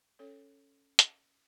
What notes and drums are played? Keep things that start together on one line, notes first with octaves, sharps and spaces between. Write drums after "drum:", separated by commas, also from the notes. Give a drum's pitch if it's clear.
C#4 A4 C#5
drum: hi-hat